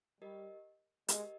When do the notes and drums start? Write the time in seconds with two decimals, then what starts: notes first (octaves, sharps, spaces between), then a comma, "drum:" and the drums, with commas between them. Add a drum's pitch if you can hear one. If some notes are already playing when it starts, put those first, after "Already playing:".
0.21 G3 G4 A#4 D#5
1.08 G#3 G4 A#4 D#5, drum: hi-hat